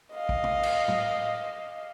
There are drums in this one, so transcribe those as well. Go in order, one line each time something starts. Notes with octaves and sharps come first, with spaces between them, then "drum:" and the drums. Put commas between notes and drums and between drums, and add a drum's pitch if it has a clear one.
D#5 F5
drum: kick
drum: tom
drum: cymbal
drum: tom A2